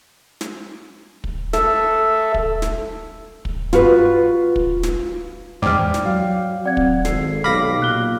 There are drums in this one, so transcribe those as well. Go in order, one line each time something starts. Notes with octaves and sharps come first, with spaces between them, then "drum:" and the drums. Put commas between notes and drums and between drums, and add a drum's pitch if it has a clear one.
drum: snare
drum: kick
A4 E5, drum: snare
drum: kick
drum: snare
drum: kick
F4 F#4 B4, drum: snare
drum: kick
drum: snare
E2 G#2 D5 G5 D6 F6
drum: snare
F#3 F5 G5
C4 D5 F#5 G#6
drum: kick
G#1 A4 C7, drum: snare
B1 G4 F5 B5 D6 F6 A#6
A#2 F#6 G7